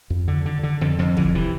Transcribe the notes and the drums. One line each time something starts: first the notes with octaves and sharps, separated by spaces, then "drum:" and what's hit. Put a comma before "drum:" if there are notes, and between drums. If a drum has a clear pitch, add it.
F2
D3
D3
D3
F2 D3
F2 D3
D3 E3, drum: kick
C3 E3